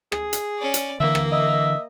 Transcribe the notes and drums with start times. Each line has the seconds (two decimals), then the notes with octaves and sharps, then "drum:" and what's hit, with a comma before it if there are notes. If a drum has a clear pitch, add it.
0.12 G#4, drum: rim click
0.33 drum: hi-hat
0.59 C#4 D5
0.74 drum: hi-hat
1.00 D3 E3 A#3 E5
1.15 drum: rim click
1.32 D#5 E5